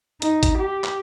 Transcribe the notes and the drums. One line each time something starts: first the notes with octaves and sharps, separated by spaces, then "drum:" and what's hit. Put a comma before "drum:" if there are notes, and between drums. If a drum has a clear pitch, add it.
D#4, drum: hi-hat
drum: kick, hi-hat
G4
drum: clap